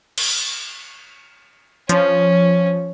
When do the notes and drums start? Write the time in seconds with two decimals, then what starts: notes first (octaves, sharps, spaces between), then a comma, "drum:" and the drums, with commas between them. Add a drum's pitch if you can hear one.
0.18 drum: cymbal
1.89 F3 C#4, drum: hi-hat